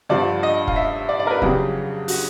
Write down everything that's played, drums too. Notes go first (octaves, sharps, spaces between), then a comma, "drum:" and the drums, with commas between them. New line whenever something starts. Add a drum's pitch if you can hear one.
G2 D3 F3 D5
D#5
F5, drum: kick F1
E5
D5
D5
A#4
B4
F2 C#3 F#3 G4, drum: kick F1
F#4, drum: open hi-hat